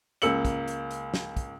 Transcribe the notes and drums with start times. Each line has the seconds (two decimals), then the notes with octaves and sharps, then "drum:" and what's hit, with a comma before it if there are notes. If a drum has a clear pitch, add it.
0.22 C#2 A#3 E6 C#7 F#7, drum: hi-hat
0.45 drum: kick, hi-hat
0.68 drum: hi-hat
0.91 drum: hi-hat
1.14 drum: snare
1.37 drum: kick, hi-hat